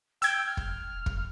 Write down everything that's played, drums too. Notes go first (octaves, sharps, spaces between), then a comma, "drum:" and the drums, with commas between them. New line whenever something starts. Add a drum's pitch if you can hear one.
G5 E6 G#6, drum: hi-hat
F6
drum: kick
drum: kick